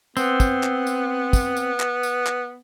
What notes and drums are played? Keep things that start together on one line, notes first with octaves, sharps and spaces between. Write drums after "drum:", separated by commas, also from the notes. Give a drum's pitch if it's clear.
B3 C4, drum: tambourine
drum: kick, tambourine
drum: clap
drum: tambourine
drum: kick, tambourine
drum: tambourine
drum: clap
drum: tambourine
drum: clap